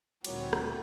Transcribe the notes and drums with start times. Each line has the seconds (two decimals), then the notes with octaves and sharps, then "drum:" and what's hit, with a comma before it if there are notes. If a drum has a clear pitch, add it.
0.24 D2 A#2 D#3 G3 C4 E4 F#4 C#5, drum: cymbal
0.53 drum: rim click